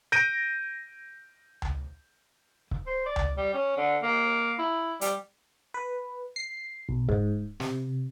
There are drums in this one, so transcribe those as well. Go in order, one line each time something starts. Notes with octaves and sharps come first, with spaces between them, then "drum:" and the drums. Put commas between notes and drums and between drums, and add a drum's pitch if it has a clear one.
G6 A#6 D7 D#7
drum: tom C#2
drum: kick C#1
C5
D5
drum: tom C#2
G3
C#4
D3
A#3
E4
G3, drum: hi-hat
B4
C7
B1
G#2, drum: kick C#1
C3, drum: snare